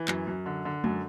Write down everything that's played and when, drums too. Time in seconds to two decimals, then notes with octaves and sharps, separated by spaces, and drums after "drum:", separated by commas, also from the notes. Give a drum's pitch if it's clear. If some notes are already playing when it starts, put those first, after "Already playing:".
Already playing: E3
0.08 F#2, drum: clap
0.27 F#2
0.46 D3
0.65 D3
0.84 F#2, drum: tom G#3